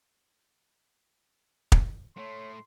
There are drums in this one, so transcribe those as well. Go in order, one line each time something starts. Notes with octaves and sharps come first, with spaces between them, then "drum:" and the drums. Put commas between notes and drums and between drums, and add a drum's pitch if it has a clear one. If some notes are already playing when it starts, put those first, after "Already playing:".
drum: kick
A2 A3 C#5 C6